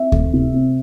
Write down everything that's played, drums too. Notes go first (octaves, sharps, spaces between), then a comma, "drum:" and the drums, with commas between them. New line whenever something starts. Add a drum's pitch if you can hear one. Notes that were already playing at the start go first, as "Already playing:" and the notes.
Already playing: C4 E5
A3, drum: kick D2
C3
C4